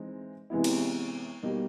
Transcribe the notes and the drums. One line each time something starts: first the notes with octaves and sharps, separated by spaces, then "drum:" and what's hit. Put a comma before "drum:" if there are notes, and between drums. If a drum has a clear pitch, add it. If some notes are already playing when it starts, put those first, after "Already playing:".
Already playing: E3 G#3 C4 D#4
C3 E3 G#3 B3 E4
drum: cymbal
B2 G3 A#3 D#4